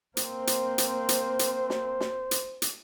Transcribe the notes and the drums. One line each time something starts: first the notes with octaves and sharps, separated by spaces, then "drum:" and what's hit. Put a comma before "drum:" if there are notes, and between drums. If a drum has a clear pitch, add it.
A#3 C4 C5, drum: hi-hat
drum: hi-hat
drum: hi-hat
drum: hi-hat
drum: hi-hat
drum: snare
drum: snare
drum: hi-hat
drum: hi-hat